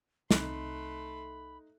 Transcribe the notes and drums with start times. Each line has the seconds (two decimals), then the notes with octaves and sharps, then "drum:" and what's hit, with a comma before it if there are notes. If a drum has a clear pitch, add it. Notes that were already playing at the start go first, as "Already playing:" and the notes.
0.31 C2 A3 C4 D#4 B5 C6 F#6, drum: snare